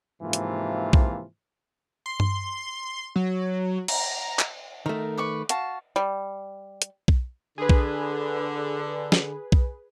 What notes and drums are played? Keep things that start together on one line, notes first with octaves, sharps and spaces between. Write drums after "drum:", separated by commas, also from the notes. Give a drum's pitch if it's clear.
G#2 C3 E3 F3 A#3 F4
drum: hi-hat
drum: kick B1
C6
drum: tom G2
F#3
A#5, drum: cymbal
drum: clap
D#3 A3 A#4
B4 D5 C#6
F#4 F5 A5, drum: hi-hat
G3
drum: hi-hat
drum: kick B1
D3 G#4 B4
drum: kick B1
drum: snare
drum: kick B1